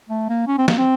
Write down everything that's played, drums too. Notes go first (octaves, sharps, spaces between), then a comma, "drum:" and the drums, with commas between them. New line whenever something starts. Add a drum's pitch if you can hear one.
A3
A#3
C#4
C4
A#3, drum: snare
C4